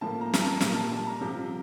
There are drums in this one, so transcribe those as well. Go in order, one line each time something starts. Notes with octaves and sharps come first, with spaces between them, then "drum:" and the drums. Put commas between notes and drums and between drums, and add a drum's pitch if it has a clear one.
A2 F3 A#3 A5
A#5
A#5, drum: snare
A5
A#2 G3 A#3 A#5, drum: snare
A5
A5
A#5
C2 C3 F3